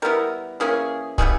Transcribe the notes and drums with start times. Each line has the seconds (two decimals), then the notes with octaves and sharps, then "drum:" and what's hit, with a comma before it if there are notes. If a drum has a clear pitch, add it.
0.02 G3 B3 E4 A#4
0.60 E3 A#3 C#4 G#4
1.18 C#3 E3 G3 B3 G#4, drum: kick